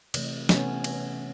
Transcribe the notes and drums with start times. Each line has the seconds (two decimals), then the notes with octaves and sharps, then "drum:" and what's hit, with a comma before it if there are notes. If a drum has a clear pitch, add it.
0.14 C3 E3 A3, drum: cymbal
0.49 C3 E3 A3 B3 C#4, drum: snare
0.84 drum: cymbal